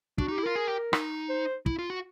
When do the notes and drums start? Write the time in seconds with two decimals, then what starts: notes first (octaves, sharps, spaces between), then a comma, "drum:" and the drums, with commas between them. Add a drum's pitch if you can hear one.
0.18 D4 F#4, drum: kick
0.28 D#4 G4
0.38 E4
0.44 F4 A#4
0.56 G#4
0.68 G4
0.93 D#4, drum: rim click
1.29 C5
1.66 E4, drum: kick
1.79 F4
1.90 F#4